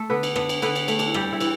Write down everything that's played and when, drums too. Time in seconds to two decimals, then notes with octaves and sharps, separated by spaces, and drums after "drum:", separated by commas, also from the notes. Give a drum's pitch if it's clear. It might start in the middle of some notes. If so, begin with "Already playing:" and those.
Already playing: A3 A4
0.10 D3 B3 B4
0.23 drum: cymbal
0.36 B3 D4 D5, drum: rim click
0.49 drum: cymbal
0.62 D3 B3 B4, drum: cymbal
0.75 drum: cymbal
0.88 A3, drum: cymbal
0.99 D4, drum: cymbal
1.07 E4
1.14 G2 G3 G4, drum: rim click
1.32 E4
1.40 E3, drum: cymbal